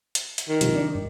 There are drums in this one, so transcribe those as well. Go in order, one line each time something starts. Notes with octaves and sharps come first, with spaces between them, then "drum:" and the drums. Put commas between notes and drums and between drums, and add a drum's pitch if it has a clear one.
drum: hi-hat
drum: hi-hat
D#3
C3 F3 G3, drum: hi-hat
D4
G2